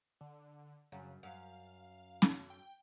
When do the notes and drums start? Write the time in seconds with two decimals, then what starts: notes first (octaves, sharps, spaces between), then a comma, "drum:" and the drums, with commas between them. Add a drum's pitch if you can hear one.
0.21 D3
0.92 F#2 C#3
1.23 F#2 F5
2.22 drum: snare
2.50 G5